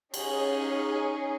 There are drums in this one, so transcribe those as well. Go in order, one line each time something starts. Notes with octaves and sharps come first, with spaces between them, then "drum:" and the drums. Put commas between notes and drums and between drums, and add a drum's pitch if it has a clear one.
C#4 D#4 G#4, drum: cymbal